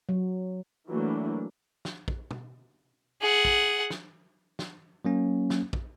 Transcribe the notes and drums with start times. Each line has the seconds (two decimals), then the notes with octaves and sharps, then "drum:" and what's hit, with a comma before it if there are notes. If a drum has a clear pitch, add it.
0.09 F#3
0.89 E3 F#3 A3 A#3 D4
1.85 drum: snare
2.08 drum: kick
2.31 drum: tom
3.21 G#4 F#5
3.45 drum: kick
3.90 drum: snare
4.59 drum: snare
5.05 F#3 A#3 C#4
5.50 drum: snare
5.73 drum: kick